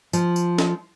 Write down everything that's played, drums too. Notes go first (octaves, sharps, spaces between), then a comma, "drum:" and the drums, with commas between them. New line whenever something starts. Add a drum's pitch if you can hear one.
F3, drum: tambourine
drum: tambourine
drum: snare